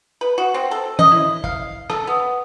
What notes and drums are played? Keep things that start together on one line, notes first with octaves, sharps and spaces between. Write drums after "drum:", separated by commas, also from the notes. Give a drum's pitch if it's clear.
B4
F#4
C4
A4
D#5, drum: tom
E4
F5, drum: kick
A4, drum: rim click
B3